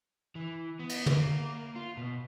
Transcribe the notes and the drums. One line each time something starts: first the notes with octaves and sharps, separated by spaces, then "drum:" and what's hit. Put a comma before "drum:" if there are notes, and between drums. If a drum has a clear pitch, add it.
E3
B3
drum: cymbal
A#3, drum: tom
F4
B2